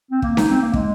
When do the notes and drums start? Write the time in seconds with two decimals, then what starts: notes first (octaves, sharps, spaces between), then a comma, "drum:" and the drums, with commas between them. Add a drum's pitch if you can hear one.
0.11 C4
0.22 A#3, drum: kick
0.37 D#4, drum: snare C#4
0.50 C4
0.62 A#3
0.74 G#3, drum: kick